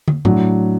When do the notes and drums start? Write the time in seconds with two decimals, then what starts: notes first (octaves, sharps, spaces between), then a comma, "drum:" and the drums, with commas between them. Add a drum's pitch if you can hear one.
0.08 drum: tom
0.25 A2 F#3 D4, drum: tom G2